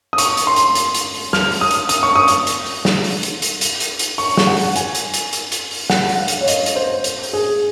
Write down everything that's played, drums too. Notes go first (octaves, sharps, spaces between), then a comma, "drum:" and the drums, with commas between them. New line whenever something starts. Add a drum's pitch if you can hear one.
D#6
C#6, drum: hi-hat
drum: hi-hat
C6
drum: hi-hat
drum: hi-hat
drum: hi-hat
drum: open hi-hat
F6, drum: snare
drum: open hi-hat
D#6
drum: hi-hat
D#6, drum: hi-hat
C#6
D#6
drum: hi-hat
drum: hi-hat
drum: open hi-hat
drum: snare
drum: open hi-hat
drum: hi-hat
drum: hi-hat
drum: hi-hat
drum: hi-hat
drum: hi-hat
C#6, drum: open hi-hat
drum: snare
F#5
drum: open hi-hat
G#5, drum: hi-hat
drum: hi-hat
drum: hi-hat
drum: hi-hat
drum: hi-hat
drum: open hi-hat
F#5, drum: snare
drum: open hi-hat
F5
drum: hi-hat
C#5
D#5, drum: hi-hat
drum: hi-hat
C5
drum: hi-hat
drum: open hi-hat
G#4